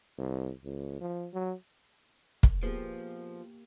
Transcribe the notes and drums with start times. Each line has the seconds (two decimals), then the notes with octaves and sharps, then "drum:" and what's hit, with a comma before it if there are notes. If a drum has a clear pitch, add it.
0.18 C2
0.64 C#2
1.01 F3
1.33 F#3
2.43 drum: kick
2.63 F3 A#3 B3 G4 G#4